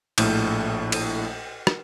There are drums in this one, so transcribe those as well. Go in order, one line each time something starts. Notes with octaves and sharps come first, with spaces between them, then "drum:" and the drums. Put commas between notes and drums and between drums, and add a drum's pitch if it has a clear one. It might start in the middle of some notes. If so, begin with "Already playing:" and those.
A#1 A2 A4, drum: cymbal
drum: cymbal
drum: rim click